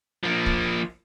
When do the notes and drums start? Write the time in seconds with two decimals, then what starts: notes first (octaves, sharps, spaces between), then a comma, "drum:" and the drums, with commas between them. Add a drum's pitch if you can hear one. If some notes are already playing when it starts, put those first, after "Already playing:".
0.23 F3 A#3
0.46 drum: kick